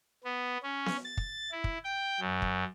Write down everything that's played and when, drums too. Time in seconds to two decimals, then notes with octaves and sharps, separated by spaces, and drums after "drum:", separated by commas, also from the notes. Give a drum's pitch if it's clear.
0.24 B3
0.63 C#4
0.86 drum: snare B3
1.05 A6
1.17 drum: kick
1.52 E4
1.64 drum: kick
1.84 G5
2.20 F#2
2.42 drum: kick